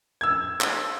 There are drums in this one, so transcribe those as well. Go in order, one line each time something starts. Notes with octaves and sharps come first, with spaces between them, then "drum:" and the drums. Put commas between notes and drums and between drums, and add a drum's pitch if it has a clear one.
E6 G#6
drum: clap